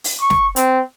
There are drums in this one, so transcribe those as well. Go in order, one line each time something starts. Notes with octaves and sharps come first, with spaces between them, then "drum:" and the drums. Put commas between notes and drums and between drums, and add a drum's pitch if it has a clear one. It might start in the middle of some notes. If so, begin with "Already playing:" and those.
drum: open hi-hat
C#6
drum: snare
C4, drum: hi-hat